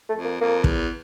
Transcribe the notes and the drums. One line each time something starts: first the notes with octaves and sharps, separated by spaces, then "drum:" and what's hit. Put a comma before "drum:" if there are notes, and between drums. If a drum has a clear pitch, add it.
A3
F2
A#3
F2 A#3
E2, drum: kick